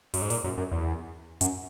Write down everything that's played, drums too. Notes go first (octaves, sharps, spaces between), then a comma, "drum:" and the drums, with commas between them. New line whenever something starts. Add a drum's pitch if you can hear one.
F#2, drum: open hi-hat
G#2
A#2, drum: open hi-hat
F#2
F#2
E2
F#2, drum: hi-hat